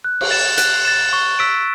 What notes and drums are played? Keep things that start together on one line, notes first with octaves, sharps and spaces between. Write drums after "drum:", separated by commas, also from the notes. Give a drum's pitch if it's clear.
F#6
drum: cymbal
A6 E7
F#6, drum: hi-hat
A6 E7
C#6
E6 B6 D7